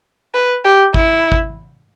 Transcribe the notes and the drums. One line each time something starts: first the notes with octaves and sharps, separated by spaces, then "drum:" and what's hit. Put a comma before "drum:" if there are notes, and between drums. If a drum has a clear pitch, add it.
B4
G4
E4, drum: kick G#1
drum: kick G#1